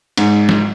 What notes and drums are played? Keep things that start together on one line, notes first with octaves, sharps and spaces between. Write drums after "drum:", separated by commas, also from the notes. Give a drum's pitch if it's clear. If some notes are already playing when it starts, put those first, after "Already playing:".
G#2, drum: cymbal
drum: snare